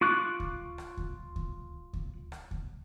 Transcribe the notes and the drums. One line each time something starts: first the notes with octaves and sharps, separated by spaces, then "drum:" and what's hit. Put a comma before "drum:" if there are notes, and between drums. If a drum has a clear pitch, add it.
F4 C#6 D6 F#6
drum: kick D2
drum: rim click
drum: kick D2
drum: kick D2
drum: kick D2
drum: rim click
drum: kick D2